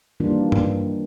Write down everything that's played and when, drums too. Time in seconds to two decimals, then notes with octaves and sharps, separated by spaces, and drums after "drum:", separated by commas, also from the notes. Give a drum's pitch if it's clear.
0.20 D#3 E3 G3 A#3 D4 F4
0.52 drum: tom G2